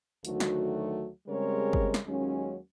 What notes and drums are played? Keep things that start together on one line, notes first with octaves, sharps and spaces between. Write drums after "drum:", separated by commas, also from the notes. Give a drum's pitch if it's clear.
D2 D#3 F#3 A3 F#4, drum: hi-hat
drum: snare
C#3 G3 G#3 C4 A#4 C#5
drum: kick G1
drum: snare
D#2 F#3 G#3 A#3 C#4